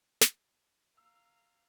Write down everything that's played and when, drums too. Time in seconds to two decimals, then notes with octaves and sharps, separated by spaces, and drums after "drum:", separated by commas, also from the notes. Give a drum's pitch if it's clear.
0.21 drum: snare
0.97 F5 A#5 E6